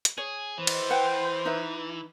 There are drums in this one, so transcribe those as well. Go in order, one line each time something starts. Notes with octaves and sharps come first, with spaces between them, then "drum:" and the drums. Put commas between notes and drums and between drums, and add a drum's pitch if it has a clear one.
drum: hi-hat
G#4 C#5
E3 C5
drum: cymbal
B4 F#5 G5
D#4 B4 E5